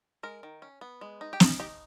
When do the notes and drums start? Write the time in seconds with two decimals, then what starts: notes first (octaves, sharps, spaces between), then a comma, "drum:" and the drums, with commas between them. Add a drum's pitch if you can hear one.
0.23 G#3 A#4
0.43 D#3
0.62 C#4
0.81 B3
1.01 G#3
1.21 D#4
1.33 G4
1.40 D#4 G#4, drum: snare
1.60 D#4 G4